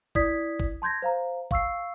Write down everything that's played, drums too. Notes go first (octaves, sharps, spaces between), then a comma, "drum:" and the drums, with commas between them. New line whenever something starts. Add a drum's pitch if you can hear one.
E4 D5 D#6 G#6 B6, drum: kick
drum: kick
A5 C6 G6 G#6 A#6
C5 F5 A#5
F5 C#6 E6 C7, drum: kick